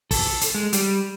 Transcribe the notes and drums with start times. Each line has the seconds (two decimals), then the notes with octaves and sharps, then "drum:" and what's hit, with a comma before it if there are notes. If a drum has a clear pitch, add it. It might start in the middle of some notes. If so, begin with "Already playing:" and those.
0.11 A4, drum: kick, open hi-hat
0.41 drum: hi-hat
0.55 G#3
0.73 G3, drum: hi-hat